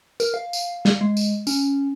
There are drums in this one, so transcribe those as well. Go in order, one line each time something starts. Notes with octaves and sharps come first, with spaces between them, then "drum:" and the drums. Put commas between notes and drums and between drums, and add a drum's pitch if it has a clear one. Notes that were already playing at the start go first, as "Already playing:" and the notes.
A#4, drum: tambourine
F5
drum: tambourine
drum: snare
G#3
drum: tambourine
C#4, drum: tambourine